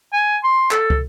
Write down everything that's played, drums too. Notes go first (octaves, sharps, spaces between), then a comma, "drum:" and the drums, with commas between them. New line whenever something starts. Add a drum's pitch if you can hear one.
G#5
C6
A4, drum: clap
drum: kick